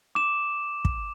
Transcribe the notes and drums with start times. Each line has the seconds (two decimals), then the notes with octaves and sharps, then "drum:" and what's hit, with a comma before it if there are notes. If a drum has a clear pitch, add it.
0.15 D6 E7
0.85 drum: kick